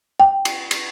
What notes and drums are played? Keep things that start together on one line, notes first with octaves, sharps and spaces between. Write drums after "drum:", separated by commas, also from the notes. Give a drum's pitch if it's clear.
G5
drum: cymbal
drum: cymbal